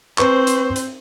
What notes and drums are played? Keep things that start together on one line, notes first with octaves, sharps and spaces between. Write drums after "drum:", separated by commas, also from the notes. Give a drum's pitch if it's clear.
C4 B4 C5 C#6, drum: clap
drum: hi-hat
drum: hi-hat